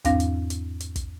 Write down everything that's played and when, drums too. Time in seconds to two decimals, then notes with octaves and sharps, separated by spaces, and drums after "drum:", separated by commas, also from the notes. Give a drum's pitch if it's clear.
0.05 E2 G#2 C4 D4 F5 A#6, drum: kick, hi-hat
0.20 drum: hi-hat
0.50 drum: hi-hat
0.80 drum: hi-hat
0.96 drum: kick, hi-hat